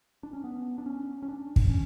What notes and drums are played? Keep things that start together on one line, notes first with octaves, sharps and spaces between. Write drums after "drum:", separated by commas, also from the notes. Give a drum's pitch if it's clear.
D4
C#4
B3
D4
C#4
C#4
D4
drum: kick
C#4